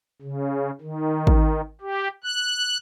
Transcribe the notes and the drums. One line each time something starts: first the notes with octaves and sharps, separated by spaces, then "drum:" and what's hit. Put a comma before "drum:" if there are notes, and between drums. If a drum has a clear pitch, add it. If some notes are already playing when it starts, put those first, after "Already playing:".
C#3
D#3
drum: kick G#1
G4
F#6